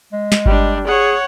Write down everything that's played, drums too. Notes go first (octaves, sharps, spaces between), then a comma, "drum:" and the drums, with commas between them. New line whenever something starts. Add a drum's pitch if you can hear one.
G#3
drum: snare
G3 D4, drum: kick G1
G#4 C#5 F#5